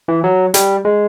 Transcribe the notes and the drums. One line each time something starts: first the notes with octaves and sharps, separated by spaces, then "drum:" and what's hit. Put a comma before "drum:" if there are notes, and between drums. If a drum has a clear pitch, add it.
E3
F#3
G3, drum: hi-hat
G#3